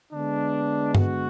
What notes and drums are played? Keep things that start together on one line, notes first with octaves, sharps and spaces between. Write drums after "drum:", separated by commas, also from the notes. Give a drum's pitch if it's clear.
D3 G#3 B3 D4
F#4, drum: tom G2